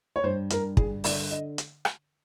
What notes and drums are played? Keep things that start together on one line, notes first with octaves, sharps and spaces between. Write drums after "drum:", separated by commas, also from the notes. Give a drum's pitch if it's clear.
C#5
G2 C5
G2 A#4, drum: hi-hat
G2 G#4, drum: kick
D3 D5, drum: open hi-hat
D#5
drum: hi-hat
drum: rim click